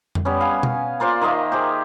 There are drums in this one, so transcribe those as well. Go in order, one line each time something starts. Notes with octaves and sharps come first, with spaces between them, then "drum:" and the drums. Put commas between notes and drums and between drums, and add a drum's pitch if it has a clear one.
drum: tom F2
G3 B3 C#4
F5 G#5
drum: tom B2
A#3 F4 C5 D5
D#3 A#3 D#5 E5
G4 G#4 C5